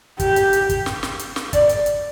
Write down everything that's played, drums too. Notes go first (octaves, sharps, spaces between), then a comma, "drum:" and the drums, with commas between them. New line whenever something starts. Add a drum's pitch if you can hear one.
G4, drum: kick, hi-hat
drum: hi-hat
drum: hi-hat
drum: kick, hi-hat
drum: snare
drum: snare
drum: hi-hat
drum: snare
D5, drum: kick, hi-hat
drum: hi-hat
drum: hi-hat